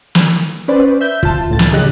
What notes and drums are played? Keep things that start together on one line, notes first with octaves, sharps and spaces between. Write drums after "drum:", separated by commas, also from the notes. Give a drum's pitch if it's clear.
drum: snare
C#4 B4 C5 D5
E5 G6
F4 A5, drum: kick
C#2 A2 A6
drum: snare
A#2 C#3 F#3 G4 D#5 F#6